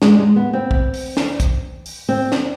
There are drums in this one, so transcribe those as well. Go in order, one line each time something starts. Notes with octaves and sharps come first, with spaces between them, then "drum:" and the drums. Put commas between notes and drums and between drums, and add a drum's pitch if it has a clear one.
G#3, drum: snare
G#3
B3
C4
drum: kick
drum: open hi-hat
drum: snare
drum: kick, hi-hat
drum: open hi-hat
C4
drum: snare